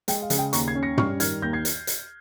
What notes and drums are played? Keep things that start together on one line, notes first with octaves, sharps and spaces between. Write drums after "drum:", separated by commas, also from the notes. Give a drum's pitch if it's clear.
G#3 G5, drum: hi-hat
F5
C#3, drum: hi-hat
G5
D#2 A#5 C#6, drum: hi-hat
G#6 C7
C#4
A#6 C#7
G3 C#6 F6, drum: tom
D#3 F6 G#6, drum: hi-hat
D#2 G6 A#6
G#6 C7
drum: hi-hat
drum: hi-hat